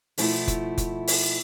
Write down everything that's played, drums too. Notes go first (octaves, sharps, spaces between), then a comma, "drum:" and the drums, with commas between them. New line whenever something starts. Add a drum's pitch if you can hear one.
B2 F3 A3 E4, drum: open hi-hat
drum: kick F1, hi-hat
drum: kick F1, hi-hat
drum: open hi-hat